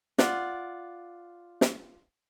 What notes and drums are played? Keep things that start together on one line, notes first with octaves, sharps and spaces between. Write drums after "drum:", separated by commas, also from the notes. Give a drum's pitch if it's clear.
F4 D5 F#5, drum: snare
drum: snare